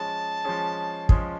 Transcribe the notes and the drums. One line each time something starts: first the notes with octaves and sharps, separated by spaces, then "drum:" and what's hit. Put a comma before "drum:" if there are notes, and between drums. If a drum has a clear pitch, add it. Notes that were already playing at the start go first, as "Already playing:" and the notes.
Already playing: F3 G#3 C#4 G#4 A5
F3 G#3 C#4 G#4
F3 G#3 C#4 G#4, drum: kick